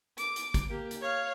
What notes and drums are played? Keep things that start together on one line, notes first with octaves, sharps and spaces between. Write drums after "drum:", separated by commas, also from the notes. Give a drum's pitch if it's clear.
D6, drum: hi-hat
drum: hi-hat
drum: kick, hi-hat
A#3 G4
drum: hi-hat
C#5 F5